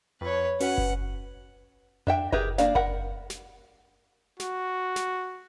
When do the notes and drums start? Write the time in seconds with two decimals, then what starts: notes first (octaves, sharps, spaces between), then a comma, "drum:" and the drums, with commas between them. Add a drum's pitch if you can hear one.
0.21 F2 B4 C#5
0.60 C#4 F#4 B4 F#5, drum: open hi-hat
0.78 drum: kick F#1
2.07 D4 E5 G5, drum: tom F2
2.32 G4 G#4 A#4 B4 E5, drum: kick F#1
2.58 A#3 D4 F5, drum: snare
2.75 A#4 F#5 B5, drum: kick F#1
3.30 drum: snare
4.40 F#4, drum: snare
4.96 drum: snare